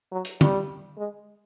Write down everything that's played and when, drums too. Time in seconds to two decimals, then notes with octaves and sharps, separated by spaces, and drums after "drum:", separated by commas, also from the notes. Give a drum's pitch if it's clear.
0.12 F#3
0.25 drum: hi-hat
0.41 G3, drum: tom
0.98 G#3